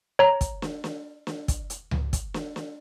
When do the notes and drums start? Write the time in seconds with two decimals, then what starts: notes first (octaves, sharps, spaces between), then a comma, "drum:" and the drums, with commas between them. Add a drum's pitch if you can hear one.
0.19 C#5 A#5
0.41 drum: kick, hi-hat
0.62 drum: snare
0.84 drum: snare
1.27 drum: snare
1.48 drum: kick, hi-hat
1.70 drum: hi-hat
1.91 drum: tom C#2
2.13 drum: kick, hi-hat
2.34 drum: snare
2.56 drum: snare